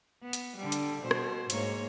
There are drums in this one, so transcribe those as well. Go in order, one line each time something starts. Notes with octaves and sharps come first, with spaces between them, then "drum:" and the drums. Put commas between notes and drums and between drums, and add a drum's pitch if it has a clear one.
B3
drum: hi-hat
D3 G3
drum: hi-hat
B2 C5
drum: rim click
G#2 A#3 C#5, drum: hi-hat